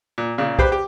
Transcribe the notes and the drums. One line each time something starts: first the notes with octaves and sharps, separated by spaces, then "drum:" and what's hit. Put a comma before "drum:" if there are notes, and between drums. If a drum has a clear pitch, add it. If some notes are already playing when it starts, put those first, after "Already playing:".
A#2
A#2 C#3
G4 B4 C5 B5, drum: kick B1
G4